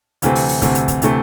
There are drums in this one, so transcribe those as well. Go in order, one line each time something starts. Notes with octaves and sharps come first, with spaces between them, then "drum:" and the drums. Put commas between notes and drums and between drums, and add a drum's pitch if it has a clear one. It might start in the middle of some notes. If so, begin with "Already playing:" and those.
D2 C3 E3 A3 C4, drum: hi-hat
drum: open hi-hat
drum: open hi-hat
D2 C3 E3 A3 C4, drum: kick, hi-hat
drum: hi-hat
drum: kick, hi-hat
C3 E3 A3 C4, drum: hi-hat